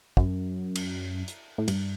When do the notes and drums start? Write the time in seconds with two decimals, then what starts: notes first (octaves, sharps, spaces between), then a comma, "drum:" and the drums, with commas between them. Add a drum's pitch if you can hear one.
0.17 F#2, drum: kick
0.76 drum: cymbal
1.28 drum: hi-hat
1.58 A2
1.68 G2, drum: cymbal